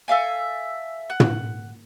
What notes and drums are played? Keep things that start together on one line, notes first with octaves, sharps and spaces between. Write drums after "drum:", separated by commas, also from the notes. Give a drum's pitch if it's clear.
A4 E5 F5 G#5
F#5
drum: tom